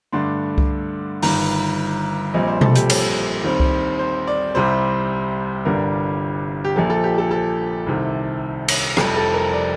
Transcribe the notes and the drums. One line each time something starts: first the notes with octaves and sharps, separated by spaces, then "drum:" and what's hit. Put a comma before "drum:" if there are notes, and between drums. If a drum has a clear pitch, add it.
G2 D3 A3 D4 C6
drum: kick C2
G1 G2 D#3 A#5, drum: open hi-hat
A#1 A#2 G3 C4 D#5
C5
A4, drum: tom B2
G4, drum: hi-hat
A4, drum: cymbal
D#2 D#3 G3 C4
drum: kick C2
C5
D5
C2 C3 G3 C4 C5
G1 G2 D3 G3 D4 A#4
G4
A#1 A#2 F3 A4
A4
G4
A4
A4
C2 C3 D#3
drum: cymbal
F1 F2 C3 G3 A4, drum: rim click
A4
A#4
D5